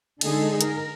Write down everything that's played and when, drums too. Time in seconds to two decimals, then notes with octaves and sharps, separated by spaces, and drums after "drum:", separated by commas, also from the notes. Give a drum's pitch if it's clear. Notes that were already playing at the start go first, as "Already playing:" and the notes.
0.21 D3 G#3 D#4 G#4 A4, drum: cymbal
0.61 A#4, drum: hi-hat